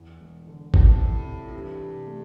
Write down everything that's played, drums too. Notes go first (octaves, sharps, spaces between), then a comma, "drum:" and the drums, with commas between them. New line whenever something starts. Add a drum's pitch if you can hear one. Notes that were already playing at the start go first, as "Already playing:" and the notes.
Already playing: E2
E1
D3
A2 G3, drum: kick G#1
C3
C4
F2
G2 E3
C3
A3